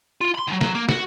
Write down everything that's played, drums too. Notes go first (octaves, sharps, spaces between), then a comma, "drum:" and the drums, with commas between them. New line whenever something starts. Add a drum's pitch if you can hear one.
F4
B5 C6
D#3 F#3
F#3, drum: snare
A#3
F#4, drum: snare